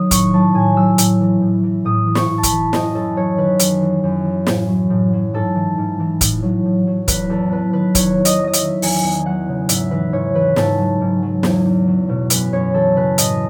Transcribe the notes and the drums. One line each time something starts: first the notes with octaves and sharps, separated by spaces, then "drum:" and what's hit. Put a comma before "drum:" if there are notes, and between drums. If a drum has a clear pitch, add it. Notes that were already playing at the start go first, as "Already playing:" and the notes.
Already playing: D#3 F#3 D#6
A2 C#6, drum: kick, hi-hat
F#3 A5
A2 G#5
F#3 E6
A2, drum: hi-hat
E3
A2
E3
A2 D#6
E3
C#6, drum: snare
A2
A5
B5, drum: kick, hi-hat
E3
F#2 D#5, drum: snare
F#2 A4
F#3 C#5
D#3 B4
F#2, drum: hi-hat
E3
F#2
E3
A2, drum: snare
F#3
A2
F#3
G#2 A4
E3
G#2
E3
A2, drum: kick, hi-hat
F#3
A2
F#3
E2 B4, drum: kick, hi-hat
E2 A4
F#3 B4
D#3 B4
E2 C#5, drum: kick, hi-hat
E2
D#5, drum: hi-hat
F#3
D#5
E5, drum: hi-hat
D#3
E2 G#5, drum: open hi-hat
E2
F#3 F#5
C#3
G#2 E5, drum: hi-hat
E3 B4
G#2 C#5
E3 B4
G#2 A4, drum: snare
F#3
G#2
F#3
E2, drum: snare
E2
F#3
B2
F#2 B4, drum: hi-hat
F#2 C#5
E3 A4
C#3 B4
A2 D#5, drum: hi-hat